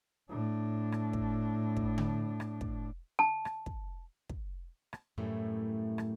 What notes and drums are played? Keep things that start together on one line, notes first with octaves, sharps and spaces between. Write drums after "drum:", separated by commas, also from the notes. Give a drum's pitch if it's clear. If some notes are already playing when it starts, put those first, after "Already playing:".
A2 D4
drum: rim click
drum: kick
drum: kick
drum: tom D3
drum: rim click
drum: kick
A5
drum: rim click
drum: kick
drum: kick
drum: rim click
F#2 A2 E3 G3 A3
drum: rim click